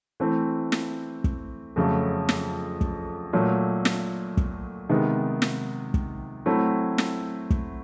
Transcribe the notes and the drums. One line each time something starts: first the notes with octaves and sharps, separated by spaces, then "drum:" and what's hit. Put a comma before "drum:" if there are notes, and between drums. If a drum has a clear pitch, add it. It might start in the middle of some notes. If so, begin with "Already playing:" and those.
E3 A3 C4
drum: snare
drum: kick
F2 C#3 F#3 A3
drum: snare
drum: kick
A#2 F#3 A3
drum: snare
drum: kick
C3 D#3 G#3 B3
drum: snare
drum: kick
F#3 A3 C4 E4
drum: snare
drum: kick